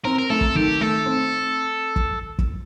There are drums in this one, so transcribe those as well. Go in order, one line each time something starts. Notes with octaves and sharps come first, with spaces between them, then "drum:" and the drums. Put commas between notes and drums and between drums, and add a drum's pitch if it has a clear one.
C4 A#4
A#4
A3 A4
drum: kick
D#3 G4
A3 A4
C4
drum: kick
drum: kick